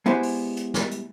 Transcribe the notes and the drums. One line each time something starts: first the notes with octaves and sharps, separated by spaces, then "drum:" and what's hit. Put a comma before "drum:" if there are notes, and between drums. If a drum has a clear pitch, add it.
G#3 B3 E4 G4 C5
drum: open hi-hat
drum: hi-hat
drum: snare
drum: hi-hat